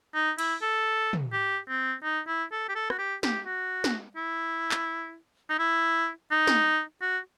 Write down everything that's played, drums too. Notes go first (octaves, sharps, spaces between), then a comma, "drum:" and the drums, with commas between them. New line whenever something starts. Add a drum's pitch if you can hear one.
D#4
E4, drum: cymbal
A4
drum: tom
G4
C4
D#4
E4
A4
G4
A4
F#4, drum: rim click
G4
G4, drum: snare
F#4
drum: snare
E4
drum: clap
D#4
E4
D#4
drum: snare
F#4